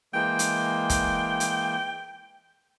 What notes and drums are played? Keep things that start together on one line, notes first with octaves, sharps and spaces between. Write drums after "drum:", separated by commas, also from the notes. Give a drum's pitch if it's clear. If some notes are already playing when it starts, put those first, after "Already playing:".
E3 G#3 A#3 G5
drum: hi-hat
drum: kick, hi-hat
drum: hi-hat